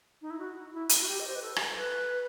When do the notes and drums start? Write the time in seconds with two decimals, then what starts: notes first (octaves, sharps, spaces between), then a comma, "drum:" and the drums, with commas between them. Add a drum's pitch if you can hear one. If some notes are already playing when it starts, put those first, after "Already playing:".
0.22 D#4
0.30 E4
0.39 F#4
0.73 E4
0.89 drum: hi-hat
1.01 F#4
1.08 G4
1.20 D#5
1.27 C5
1.35 B4
1.42 A4
1.56 drum: rim click
1.77 B4